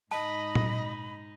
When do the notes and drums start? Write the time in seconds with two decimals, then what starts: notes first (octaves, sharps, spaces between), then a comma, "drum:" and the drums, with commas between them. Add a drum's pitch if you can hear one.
0.11 G#2 D#4 D#5 A5 B5
0.55 drum: tom A#2